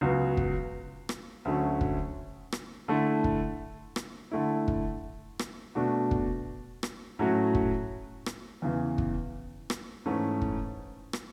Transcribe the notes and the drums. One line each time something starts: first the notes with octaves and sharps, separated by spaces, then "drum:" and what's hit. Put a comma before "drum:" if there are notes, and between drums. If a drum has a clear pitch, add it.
C#2 C#3 F#3 B3 F#4
drum: kick
drum: rim click
D2 D3 F#3 A3 C#4
drum: kick
drum: rim click
D3 A3 E4
drum: kick
drum: rim click
D3 A3 E4
drum: kick
drum: rim click
B2 A3 D4 F#4
drum: kick
drum: rim click
A2 F#3 A3 C#4 F#4
drum: kick
drum: rim click
E2 C#3 E3
drum: kick
drum: rim click
G#2 E3 A3 C#4
drum: kick
drum: rim click